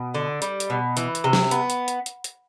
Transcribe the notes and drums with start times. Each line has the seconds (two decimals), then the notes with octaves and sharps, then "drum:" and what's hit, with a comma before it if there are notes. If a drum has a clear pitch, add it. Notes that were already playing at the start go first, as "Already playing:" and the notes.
Already playing: B2
0.14 D3
0.42 G3, drum: hi-hat
0.60 drum: hi-hat
0.70 B2
0.97 E3, drum: hi-hat
1.15 drum: hi-hat
1.24 C3
1.33 drum: snare
1.51 B3, drum: hi-hat
1.70 drum: hi-hat
1.88 drum: hi-hat
2.06 drum: hi-hat
2.24 drum: hi-hat